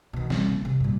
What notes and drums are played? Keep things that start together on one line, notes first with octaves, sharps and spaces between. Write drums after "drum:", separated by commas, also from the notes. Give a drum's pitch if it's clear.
B2 D#3
G3, drum: snare
C#3 A#3
C3
G2 A#2